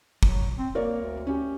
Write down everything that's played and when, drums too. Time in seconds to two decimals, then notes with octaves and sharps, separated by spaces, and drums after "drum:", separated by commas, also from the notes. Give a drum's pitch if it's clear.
0.23 F#3, drum: kick
0.58 C4
0.75 A#3 A#4 C#5 D5
1.02 D2
1.27 C#4 G4